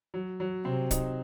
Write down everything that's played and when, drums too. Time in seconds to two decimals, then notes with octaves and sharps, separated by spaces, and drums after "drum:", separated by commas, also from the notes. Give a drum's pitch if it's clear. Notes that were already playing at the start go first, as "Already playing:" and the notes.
0.14 F#3
0.40 F#3
0.65 C3 C4
0.91 D#4, drum: kick, hi-hat